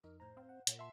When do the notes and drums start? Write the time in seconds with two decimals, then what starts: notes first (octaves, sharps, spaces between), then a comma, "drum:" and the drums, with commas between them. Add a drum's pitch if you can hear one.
0.04 F2 D#4 A#4
0.20 A2 C5 A#5
0.37 C4 F5
0.49 F#5
0.67 A#2 C#5, drum: hi-hat
0.79 E5 A5 C6